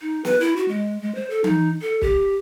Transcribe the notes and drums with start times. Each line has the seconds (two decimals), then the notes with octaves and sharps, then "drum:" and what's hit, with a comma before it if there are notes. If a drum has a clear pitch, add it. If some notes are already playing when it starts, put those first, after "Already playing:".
0.01 D#4
0.25 B4, drum: snare
0.40 E4
0.56 F#4
0.68 G#3
1.02 G#3
1.15 C5
1.30 A4
1.44 D#4, drum: tom E3
1.82 A4
2.02 G4, drum: kick